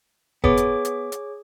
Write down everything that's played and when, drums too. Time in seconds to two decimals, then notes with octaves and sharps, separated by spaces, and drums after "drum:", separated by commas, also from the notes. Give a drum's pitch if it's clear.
0.44 B3 G#4 C#5 D6, drum: kick F1
0.57 drum: hi-hat
0.85 drum: hi-hat
1.12 drum: hi-hat